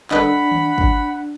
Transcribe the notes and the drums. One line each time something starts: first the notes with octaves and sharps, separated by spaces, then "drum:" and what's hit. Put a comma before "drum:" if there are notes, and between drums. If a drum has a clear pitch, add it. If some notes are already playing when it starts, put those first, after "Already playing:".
D4 A4 B4 D#5 F#5 B5, drum: clap
drum: tom D#3
drum: kick